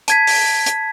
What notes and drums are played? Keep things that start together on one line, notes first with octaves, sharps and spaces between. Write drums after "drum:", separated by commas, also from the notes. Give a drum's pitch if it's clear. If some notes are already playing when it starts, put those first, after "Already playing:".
A5 G#6 B6, drum: hi-hat
drum: open hi-hat
drum: hi-hat